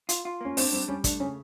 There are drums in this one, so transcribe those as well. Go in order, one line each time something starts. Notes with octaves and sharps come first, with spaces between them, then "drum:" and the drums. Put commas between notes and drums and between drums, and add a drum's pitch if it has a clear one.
F4, drum: hi-hat
F4
A#3 C#4
C4 D4, drum: open hi-hat
G3 C4
G3 C#4
A3 D4, drum: kick, hi-hat
C#3 C#4